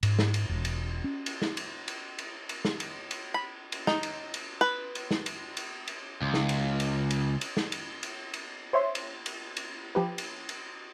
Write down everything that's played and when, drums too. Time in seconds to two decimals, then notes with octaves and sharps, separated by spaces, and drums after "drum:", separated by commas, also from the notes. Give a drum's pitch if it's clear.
0.03 G#2, drum: cymbal
0.19 drum: snare
0.34 drum: cymbal
0.49 E1
0.65 drum: cymbal
1.04 C#4
1.26 drum: cymbal
1.42 drum: snare
1.57 drum: cymbal
1.88 drum: cymbal
2.18 drum: cymbal
2.49 drum: cymbal
2.65 drum: snare
2.80 drum: cymbal
3.11 drum: cymbal
3.34 B5
3.72 drum: cymbal
3.87 D#4, drum: snare
4.03 drum: cymbal
4.34 drum: cymbal
4.61 B4
4.95 drum: cymbal
5.11 drum: snare
5.26 drum: cymbal
5.57 drum: cymbal
5.88 drum: cymbal
6.22 C#2
6.34 drum: snare
6.49 drum: cymbal
6.80 drum: cymbal
7.11 drum: cymbal
7.41 drum: cymbal
7.57 drum: snare
7.72 drum: cymbal
8.03 drum: cymbal
8.34 drum: cymbal
8.73 C5 C#5 E5 C6
8.95 drum: cymbal
9.26 drum: cymbal
9.57 drum: cymbal
9.95 F3 G4 B4
10.18 drum: cymbal
10.49 drum: cymbal